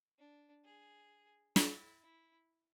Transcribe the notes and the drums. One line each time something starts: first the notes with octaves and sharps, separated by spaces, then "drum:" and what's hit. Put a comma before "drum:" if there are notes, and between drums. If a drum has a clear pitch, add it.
D4
G#4
E4, drum: snare
E4